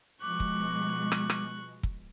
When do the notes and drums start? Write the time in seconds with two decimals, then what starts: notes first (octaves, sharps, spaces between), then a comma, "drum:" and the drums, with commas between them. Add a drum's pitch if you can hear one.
0.22 B2 F3 G#3 C#6 D6 F#6
0.40 drum: kick
1.12 drum: rim click
1.30 drum: rim click
1.83 drum: kick